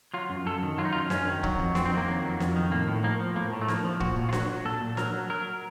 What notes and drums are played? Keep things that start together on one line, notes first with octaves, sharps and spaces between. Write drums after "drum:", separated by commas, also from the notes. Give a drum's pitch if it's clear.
F#3 F4
F#2
F#2 A4
D#3
F#3 F4
D#4
F#2 F4
F#2 C#4, drum: snare D4
D#3
F#3, drum: kick
F2
F2 C4, drum: snare D4
C4
D#3
A#3
F#3
F2
F2, drum: snare D4
D#3
A2 A#3
A2
F3 A#3
F3
A2 A#3
A2
A3
F3 A#3, drum: snare D4
F3
A#2 F#4, drum: kick
A#2
F4
F#3 F#4, drum: snare D4
F#3
A#2 A4
A#2
F#3 A#4, drum: snare D4
F#3
F#3 A#4